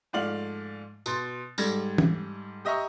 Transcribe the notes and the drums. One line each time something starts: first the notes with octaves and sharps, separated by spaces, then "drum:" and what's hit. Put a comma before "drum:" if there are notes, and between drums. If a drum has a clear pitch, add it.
G#2 F3 A3 D5 F5 F#7
B2 C6 A6, drum: tambourine
G#2 G3 A4 G#6 A#6, drum: tambourine
drum: tom
G4 D#5 E5 A#5 C#6 D#6